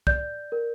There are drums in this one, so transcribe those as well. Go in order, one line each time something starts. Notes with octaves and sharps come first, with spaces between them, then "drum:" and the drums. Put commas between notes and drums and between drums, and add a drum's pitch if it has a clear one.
D5 G6, drum: kick
A#4